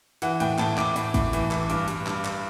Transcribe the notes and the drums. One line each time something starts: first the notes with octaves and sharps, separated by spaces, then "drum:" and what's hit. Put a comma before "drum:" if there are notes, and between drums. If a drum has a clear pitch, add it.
E3 F#5, drum: hi-hat
A2 G5, drum: hi-hat
A2 A5, drum: clap
A2 D6, drum: clap
A2, drum: hi-hat
A2, drum: kick, hi-hat
E3, drum: hi-hat
E3, drum: clap
G2 D6, drum: hi-hat
G2, drum: hi-hat
G2, drum: clap
drum: clap